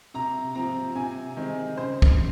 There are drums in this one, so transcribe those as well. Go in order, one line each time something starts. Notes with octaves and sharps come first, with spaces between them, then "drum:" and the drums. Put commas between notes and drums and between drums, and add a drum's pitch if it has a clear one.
C3 A#5
F3 C4 A#5
C3 G#5
D#3 G#3 C4
C#3 C5
drum: kick